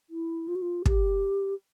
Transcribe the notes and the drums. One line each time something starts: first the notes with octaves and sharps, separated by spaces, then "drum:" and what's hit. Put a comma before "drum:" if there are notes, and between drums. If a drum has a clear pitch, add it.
E4
F4
F#4
F4
G4, drum: kick